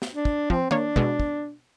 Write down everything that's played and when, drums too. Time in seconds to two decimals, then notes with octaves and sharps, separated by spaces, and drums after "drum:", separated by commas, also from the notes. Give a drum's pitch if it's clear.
0.02 drum: snare
0.14 D4
0.25 drum: kick
0.50 F3 C4, drum: kick
0.71 A#3 D4 C#5, drum: tom
0.96 B2 G#3, drum: kick
1.20 drum: kick